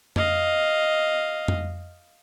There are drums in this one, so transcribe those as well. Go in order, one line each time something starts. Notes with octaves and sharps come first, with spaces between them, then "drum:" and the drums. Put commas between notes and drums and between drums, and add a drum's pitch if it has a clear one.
D#5 F5, drum: tom F2
drum: tom F2